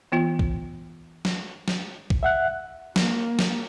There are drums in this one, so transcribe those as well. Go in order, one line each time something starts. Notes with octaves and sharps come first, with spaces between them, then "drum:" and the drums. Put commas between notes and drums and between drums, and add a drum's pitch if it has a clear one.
E3 B3 F4
drum: kick
drum: snare
drum: snare
drum: kick
E5 F#5 F#6
A#3, drum: snare
drum: snare